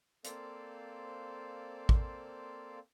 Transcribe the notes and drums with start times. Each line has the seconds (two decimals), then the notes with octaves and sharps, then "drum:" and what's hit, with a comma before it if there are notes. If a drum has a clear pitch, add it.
0.25 A#3 C4 A4 C5 D5 F5, drum: hi-hat
1.89 drum: kick